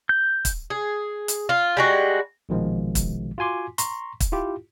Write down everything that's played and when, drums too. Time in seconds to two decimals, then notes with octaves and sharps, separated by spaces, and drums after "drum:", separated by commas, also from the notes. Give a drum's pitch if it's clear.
0.09 G6
0.45 drum: kick, hi-hat
0.70 G#4
1.28 drum: hi-hat
1.49 F4
1.77 G3 G#3 F#4
2.49 A#1 B2 D#3 F3 G#3
2.95 drum: kick, hi-hat
3.38 F4 F#4 G#5 C6 D6
3.78 A#5 C6 C#6, drum: hi-hat
4.20 drum: kick, hi-hat
4.32 E4 F4 G4